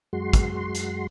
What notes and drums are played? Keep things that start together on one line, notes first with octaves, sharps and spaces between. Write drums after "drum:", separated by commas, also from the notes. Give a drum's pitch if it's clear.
F#2 G#3 F#4 C6
drum: kick, hi-hat
drum: hi-hat